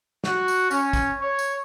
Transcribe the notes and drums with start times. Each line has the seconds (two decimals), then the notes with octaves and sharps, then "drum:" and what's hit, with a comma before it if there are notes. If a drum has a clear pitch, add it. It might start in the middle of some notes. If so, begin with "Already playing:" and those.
0.24 F#4, drum: snare
0.48 drum: tambourine
0.71 C#4, drum: tambourine
0.93 drum: kick, tambourine
1.21 C#5
1.39 drum: tambourine